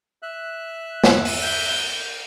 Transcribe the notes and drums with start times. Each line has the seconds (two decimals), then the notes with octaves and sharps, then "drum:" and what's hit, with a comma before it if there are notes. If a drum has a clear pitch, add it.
0.23 E5 F#6
1.04 drum: snare
1.25 drum: open hi-hat
1.43 G6